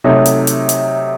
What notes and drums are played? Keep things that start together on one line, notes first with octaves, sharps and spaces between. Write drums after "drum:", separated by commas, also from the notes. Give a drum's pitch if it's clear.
C3 F#3 A3 D#4
drum: hi-hat
drum: hi-hat
drum: hi-hat